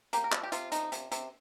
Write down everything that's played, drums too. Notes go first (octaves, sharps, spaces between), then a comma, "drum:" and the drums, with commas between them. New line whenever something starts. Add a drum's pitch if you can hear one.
A#3 G4, drum: hi-hat
A#4
F3 A4, drum: clap
G4
C3 F4, drum: hi-hat
F3 D#4, drum: hi-hat
C3, drum: hi-hat
C3, drum: hi-hat